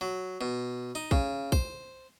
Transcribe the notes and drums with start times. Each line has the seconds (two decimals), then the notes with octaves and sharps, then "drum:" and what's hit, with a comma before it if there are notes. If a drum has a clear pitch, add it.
0.01 F#3
0.41 B2
0.95 D#4
1.11 C#3, drum: kick A#1
1.52 C5, drum: kick A#1